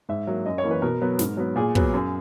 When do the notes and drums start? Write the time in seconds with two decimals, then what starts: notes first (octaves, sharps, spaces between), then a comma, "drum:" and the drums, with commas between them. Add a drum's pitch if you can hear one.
0.09 G#2 E5
0.27 F#3 A#3
0.46 F#2 D#5
0.58 C#5
0.64 E3 A#3
0.71 B4
0.82 B2 A#4
1.01 F#3 B3
1.19 G#2, drum: snare
1.37 F#3 B3
1.56 A#2 G#4
1.75 F#3 B3, drum: kick
1.94 F#2